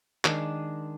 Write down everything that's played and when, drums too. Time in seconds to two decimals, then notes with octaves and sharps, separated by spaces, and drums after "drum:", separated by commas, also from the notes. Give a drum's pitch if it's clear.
0.25 D#3 G#3 D4, drum: clap